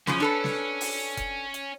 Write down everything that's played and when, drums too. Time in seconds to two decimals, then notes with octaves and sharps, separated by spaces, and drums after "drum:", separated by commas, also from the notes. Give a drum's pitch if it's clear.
0.07 F#2 C#3 F3 C#4, drum: snare
0.20 D4 A4 B4
0.44 drum: snare
0.81 drum: open hi-hat
1.17 drum: kick F1, hi-hat
1.54 drum: hi-hat